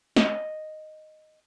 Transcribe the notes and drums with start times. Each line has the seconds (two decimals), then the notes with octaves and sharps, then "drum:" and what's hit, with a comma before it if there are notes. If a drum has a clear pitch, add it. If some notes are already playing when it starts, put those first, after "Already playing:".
0.16 D#5, drum: snare